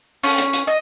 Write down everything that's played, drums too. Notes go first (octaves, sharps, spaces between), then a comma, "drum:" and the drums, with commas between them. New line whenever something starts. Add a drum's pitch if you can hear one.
C#4, drum: open hi-hat
drum: hi-hat
drum: hi-hat
D#5